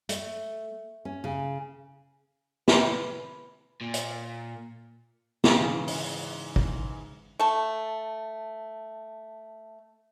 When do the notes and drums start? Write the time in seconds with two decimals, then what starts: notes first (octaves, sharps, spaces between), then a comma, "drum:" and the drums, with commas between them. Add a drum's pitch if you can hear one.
0.09 A3, drum: hi-hat
1.05 C#4
1.24 C#3
2.68 B4, drum: snare
3.82 A#2
3.94 drum: hi-hat
5.44 G#2 C#3 E3 G#3, drum: snare
5.88 drum: open hi-hat
6.56 drum: kick
7.39 A3 A5